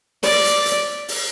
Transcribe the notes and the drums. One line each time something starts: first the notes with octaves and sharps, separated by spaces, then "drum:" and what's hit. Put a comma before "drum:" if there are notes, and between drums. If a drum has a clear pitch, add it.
D5, drum: open hi-hat
drum: hi-hat
drum: hi-hat
drum: open hi-hat